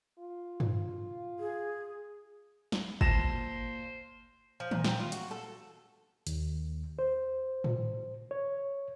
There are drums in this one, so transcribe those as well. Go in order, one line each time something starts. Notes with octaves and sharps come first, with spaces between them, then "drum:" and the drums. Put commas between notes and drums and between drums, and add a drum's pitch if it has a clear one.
F4
drum: tom G2
G#4
drum: snare
A#2 C5 A5 A#6 E7, drum: kick
F3
A#2, drum: tom D#3
C4, drum: snare
F4
F#4, drum: hi-hat
A4
D#2, drum: hi-hat
C5
drum: tom A2
C#5